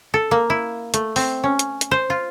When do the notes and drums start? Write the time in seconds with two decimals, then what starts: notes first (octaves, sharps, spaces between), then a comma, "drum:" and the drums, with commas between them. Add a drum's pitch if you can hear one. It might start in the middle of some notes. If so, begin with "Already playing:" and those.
0.14 A4
0.31 A#3
0.50 E4
0.94 A3, drum: hi-hat
1.16 C4, drum: open hi-hat
1.44 C#4
1.59 drum: hi-hat
1.81 drum: hi-hat
1.91 C5
2.10 F4